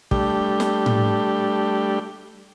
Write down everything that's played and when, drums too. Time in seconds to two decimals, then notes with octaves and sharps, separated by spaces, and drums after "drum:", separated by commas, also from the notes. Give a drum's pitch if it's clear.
0.11 G3 A3 D4 G4, drum: kick
0.60 drum: snare
0.86 drum: tom A2